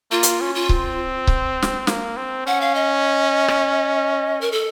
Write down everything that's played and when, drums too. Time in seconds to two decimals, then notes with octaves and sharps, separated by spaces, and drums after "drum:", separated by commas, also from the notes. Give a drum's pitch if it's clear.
0.11 A#3 F4
0.23 drum: hi-hat
0.41 C#4
0.55 F4
0.69 C4, drum: kick C#1
1.27 drum: kick C#1
1.62 drum: snare
1.87 A#3, drum: snare
2.17 C4
2.46 C#4 F#5
2.61 F5
2.75 D#5
3.48 drum: rim click
4.41 A#4
4.52 A4